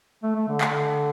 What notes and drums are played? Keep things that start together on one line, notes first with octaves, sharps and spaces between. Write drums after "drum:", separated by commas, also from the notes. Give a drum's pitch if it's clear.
A3
A3
D3
D3, drum: clap